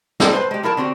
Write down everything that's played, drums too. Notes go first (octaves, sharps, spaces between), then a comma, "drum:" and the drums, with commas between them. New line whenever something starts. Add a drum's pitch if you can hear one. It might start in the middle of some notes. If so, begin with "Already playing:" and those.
D3 F3 A#3 C4 D4 D#4, drum: snare
B4 C5 F5 A5
G#3 G4
F3 E4 A#4 A5
D3 C4 F#4 G4